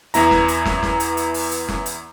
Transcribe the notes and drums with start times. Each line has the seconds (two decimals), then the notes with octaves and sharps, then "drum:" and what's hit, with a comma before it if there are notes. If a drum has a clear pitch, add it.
0.14 E2 B3 E4 A#5, drum: hi-hat
0.31 drum: snare
0.48 drum: hi-hat
0.65 drum: snare
0.83 drum: snare
1.00 drum: hi-hat
1.17 drum: hi-hat
1.34 drum: open hi-hat
1.51 drum: hi-hat
1.69 drum: snare
1.86 drum: hi-hat